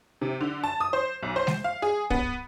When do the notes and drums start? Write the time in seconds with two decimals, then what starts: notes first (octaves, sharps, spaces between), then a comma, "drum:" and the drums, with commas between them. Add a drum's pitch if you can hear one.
0.21 C3
0.40 D3
0.64 A5
0.80 D#6
0.93 C5
1.23 B1
1.36 C5
1.47 drum: snare G#3
1.64 F5
1.82 G#4
2.10 B3, drum: kick